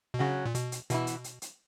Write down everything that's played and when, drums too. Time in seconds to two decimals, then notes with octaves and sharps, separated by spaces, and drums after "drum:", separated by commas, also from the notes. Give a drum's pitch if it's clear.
0.14 B2
0.19 C#3 F#3 C#4 F#4
0.45 A#2
0.55 B2, drum: hi-hat
0.72 drum: hi-hat
0.90 B2 E3 B3 E4, drum: hi-hat
1.07 drum: hi-hat
1.24 drum: hi-hat
1.42 drum: hi-hat